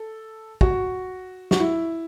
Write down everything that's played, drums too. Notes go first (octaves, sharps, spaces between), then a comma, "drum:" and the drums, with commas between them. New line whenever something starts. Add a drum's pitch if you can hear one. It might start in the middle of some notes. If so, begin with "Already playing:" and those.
Already playing: A4
F#4, drum: kick
F#4, drum: snare
E4